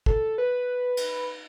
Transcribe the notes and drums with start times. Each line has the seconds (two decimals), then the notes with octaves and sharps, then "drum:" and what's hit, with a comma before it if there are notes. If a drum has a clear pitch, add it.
0.06 A4, drum: kick
0.38 B4
0.97 drum: cymbal